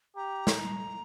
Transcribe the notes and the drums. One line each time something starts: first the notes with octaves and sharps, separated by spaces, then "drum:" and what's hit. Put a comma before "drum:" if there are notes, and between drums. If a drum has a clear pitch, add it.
G4 A#5
drum: snare